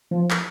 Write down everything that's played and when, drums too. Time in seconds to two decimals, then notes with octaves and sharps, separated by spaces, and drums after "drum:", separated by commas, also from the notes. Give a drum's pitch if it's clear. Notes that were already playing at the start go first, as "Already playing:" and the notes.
0.11 F3
0.31 drum: clap